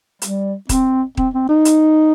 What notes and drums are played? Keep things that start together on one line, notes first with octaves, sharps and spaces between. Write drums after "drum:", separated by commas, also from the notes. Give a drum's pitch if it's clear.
G3, drum: hi-hat
C4, drum: kick D#1, hi-hat
C4, drum: kick D#1
C4
D#4
drum: hi-hat